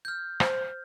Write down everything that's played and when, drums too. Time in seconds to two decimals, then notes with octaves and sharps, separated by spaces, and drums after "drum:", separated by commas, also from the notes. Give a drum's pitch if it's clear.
0.05 G6
0.08 F6
0.40 C5, drum: rim click